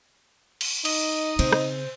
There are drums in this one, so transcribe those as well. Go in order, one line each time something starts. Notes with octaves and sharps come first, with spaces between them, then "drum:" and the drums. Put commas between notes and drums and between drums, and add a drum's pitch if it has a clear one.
drum: cymbal
D#4 D#5, drum: cymbal
C#3 C4 C5, drum: cymbal
drum: rim click